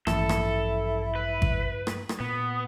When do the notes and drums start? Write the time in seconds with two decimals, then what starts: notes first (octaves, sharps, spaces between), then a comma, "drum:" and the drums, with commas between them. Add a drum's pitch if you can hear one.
0.07 A1 G2 F3 E4 A4, drum: rim click
0.29 drum: rim click
1.15 B4
1.42 drum: kick G#1
1.87 drum: rim click
2.09 drum: rim click
2.20 A#2 B3